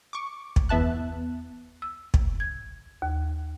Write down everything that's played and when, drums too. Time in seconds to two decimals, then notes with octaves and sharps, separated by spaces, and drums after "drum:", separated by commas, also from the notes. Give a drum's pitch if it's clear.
0.13 C#6 D6
0.56 drum: kick
0.69 E2 B3 E5 A5 F#6
1.82 E6
2.14 drum: kick
2.40 G#6
3.02 D#2